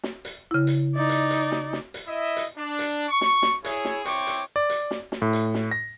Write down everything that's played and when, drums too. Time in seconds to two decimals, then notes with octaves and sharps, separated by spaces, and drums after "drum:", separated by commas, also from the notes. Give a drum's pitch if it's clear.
0.04 drum: snare
0.25 drum: hi-hat
0.51 C#3 E4
0.67 drum: hi-hat
0.95 D#4 D5
1.09 drum: hi-hat
1.31 drum: hi-hat
1.52 drum: snare
1.73 drum: snare
1.94 drum: hi-hat
2.07 E4 D#5 E5
2.37 drum: hi-hat
2.58 D4
2.79 drum: hi-hat
3.09 C#6
3.21 drum: snare
3.42 drum: snare
3.65 E4 G#4 C#5, drum: hi-hat
3.85 drum: snare
4.05 C4 E4 C#5 G5 C#6 D6, drum: hi-hat
4.27 drum: hi-hat
4.56 D5
4.70 drum: hi-hat
4.91 drum: snare
5.12 drum: snare
5.22 A2
5.33 drum: hi-hat
5.54 drum: snare
5.71 A#6